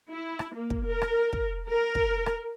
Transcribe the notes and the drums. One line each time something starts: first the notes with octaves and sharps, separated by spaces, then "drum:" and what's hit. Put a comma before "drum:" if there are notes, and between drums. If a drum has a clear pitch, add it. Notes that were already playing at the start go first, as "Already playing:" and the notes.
E4
drum: rim click
A#3
drum: kick
A#4
drum: rim click
drum: kick
A#4
drum: kick
drum: rim click